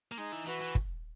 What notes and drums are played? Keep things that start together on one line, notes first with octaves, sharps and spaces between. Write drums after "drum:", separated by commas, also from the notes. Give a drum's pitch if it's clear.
A#3
G#3 D#4
E3
E3 F#4 B4
E3
drum: kick